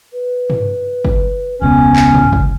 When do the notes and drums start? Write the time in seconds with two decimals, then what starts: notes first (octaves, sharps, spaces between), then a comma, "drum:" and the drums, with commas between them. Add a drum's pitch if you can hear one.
0.13 B4
0.50 drum: tom
1.05 drum: kick
1.62 E1 C#2 B3 C#4
1.96 drum: clap
2.14 drum: tom
2.33 drum: kick